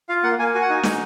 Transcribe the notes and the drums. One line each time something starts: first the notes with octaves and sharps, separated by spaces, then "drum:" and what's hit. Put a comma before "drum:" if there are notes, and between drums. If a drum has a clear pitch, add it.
F4 F5
A#3 F#5
A#3 G#5
F#4 G#5
F#5
D#4 G#5
D#4, drum: snare